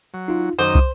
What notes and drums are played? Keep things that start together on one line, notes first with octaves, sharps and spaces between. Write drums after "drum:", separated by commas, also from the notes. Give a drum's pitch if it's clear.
F#3
D#4 F4
F#2 D#3 C5 D6 D#6
drum: kick